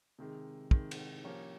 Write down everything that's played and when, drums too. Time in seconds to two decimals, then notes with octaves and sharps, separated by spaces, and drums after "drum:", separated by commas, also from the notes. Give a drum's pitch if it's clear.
0.19 C3 D#3 G#3
0.71 C3 D#3 G#3, drum: kick
0.91 drum: cymbal
1.24 F3 A#3 C#4 G4 C#5